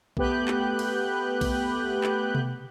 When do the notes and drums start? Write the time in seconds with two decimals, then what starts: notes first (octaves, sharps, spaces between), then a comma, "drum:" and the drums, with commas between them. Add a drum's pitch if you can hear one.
0.17 A3 B3 G4 B4 F#6 G6, drum: kick B1
0.48 drum: clap
0.79 drum: cymbal
1.41 drum: kick B1, cymbal
2.04 drum: clap
2.35 drum: tom B2